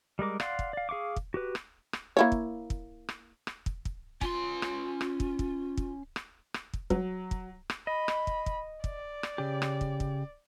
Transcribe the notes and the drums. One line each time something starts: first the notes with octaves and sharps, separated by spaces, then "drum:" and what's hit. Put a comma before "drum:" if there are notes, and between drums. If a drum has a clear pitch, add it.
G3 G#3 A#4 D6
D5 F5 F#5 C6, drum: rim click
drum: kick
D5 F5
G#4 F5 C#6 D6
drum: kick
F#4 G4 B4
drum: rim click
drum: rim click
A#3 E4 C#5
drum: kick
drum: kick
drum: rim click
drum: rim click
drum: kick
drum: kick
C#4 F4 C6, drum: kick
drum: rim click
drum: rim click
drum: kick
drum: kick
drum: kick
drum: rim click
drum: rim click
drum: kick
F#3, drum: kick
drum: kick
drum: rim click
D#5 B5
drum: rim click
drum: kick
drum: kick
D5, drum: kick
drum: rim click
C#3 G4
drum: rim click
drum: kick
drum: kick